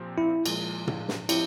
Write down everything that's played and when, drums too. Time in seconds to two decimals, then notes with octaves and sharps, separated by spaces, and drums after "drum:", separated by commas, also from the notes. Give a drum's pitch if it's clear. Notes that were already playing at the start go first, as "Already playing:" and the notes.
Already playing: A#2 F3 C4 G4
0.18 E4
0.46 A#2 F3 G#3, drum: cymbal
0.87 drum: tom
1.08 drum: snare
1.29 F3 C4 E4 G4 C#5, drum: cymbal